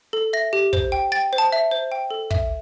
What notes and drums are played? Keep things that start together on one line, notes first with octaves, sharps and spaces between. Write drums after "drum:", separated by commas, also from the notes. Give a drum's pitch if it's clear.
A4
E5 A#6
G4
C5, drum: kick
G5
G5 A6
C5
A5
E5
C5
G5
A4
E5, drum: kick